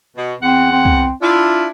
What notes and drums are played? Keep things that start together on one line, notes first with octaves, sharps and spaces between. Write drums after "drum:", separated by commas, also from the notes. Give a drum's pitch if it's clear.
B2
E2 C4 F#5
C4
drum: kick C2
D4 E4 F4